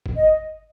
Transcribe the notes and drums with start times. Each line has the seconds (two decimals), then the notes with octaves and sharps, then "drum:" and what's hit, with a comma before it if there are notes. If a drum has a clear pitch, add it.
0.06 drum: kick
0.17 D#5